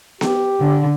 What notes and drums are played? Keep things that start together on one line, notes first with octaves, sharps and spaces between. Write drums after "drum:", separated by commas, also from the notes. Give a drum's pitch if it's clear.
G4, drum: snare B3
D3